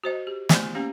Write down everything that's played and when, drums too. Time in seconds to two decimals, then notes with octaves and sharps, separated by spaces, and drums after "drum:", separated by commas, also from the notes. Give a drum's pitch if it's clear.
0.04 F#4 C5 D#5
0.27 G4
0.49 A3 B3 E4 C5 D5 G#5, drum: snare
0.75 A#3 C#4 G4 F5